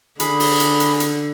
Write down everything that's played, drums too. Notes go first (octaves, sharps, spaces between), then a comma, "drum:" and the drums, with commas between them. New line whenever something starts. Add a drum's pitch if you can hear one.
D3 G#4 B5, drum: hi-hat
drum: open hi-hat
drum: hi-hat
drum: hi-hat
drum: hi-hat